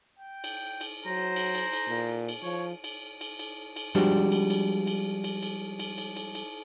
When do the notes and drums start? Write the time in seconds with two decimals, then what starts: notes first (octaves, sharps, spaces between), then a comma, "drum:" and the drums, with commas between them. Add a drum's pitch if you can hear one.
0.19 G5
0.44 drum: cymbal
0.81 drum: cymbal
1.06 F#3 C5 A#5
1.36 drum: cymbal
1.55 drum: cymbal
1.73 drum: cymbal
1.87 A#2
2.29 drum: cymbal
2.43 F3 C#5
2.84 drum: cymbal
3.21 drum: cymbal
3.39 drum: cymbal
3.76 drum: cymbal
3.95 F3 G3 G#3 D4 F#4 G4, drum: cymbal
4.32 drum: cymbal
4.50 drum: cymbal
4.87 drum: cymbal
5.24 drum: cymbal
5.43 drum: cymbal
5.79 drum: cymbal
5.98 drum: cymbal
6.16 drum: cymbal
6.35 drum: cymbal